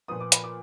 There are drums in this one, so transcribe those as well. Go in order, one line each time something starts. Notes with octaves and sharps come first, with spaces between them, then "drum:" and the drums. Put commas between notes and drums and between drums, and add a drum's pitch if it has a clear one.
A#2 F3 B3 D#6
D6
B5, drum: hi-hat
D6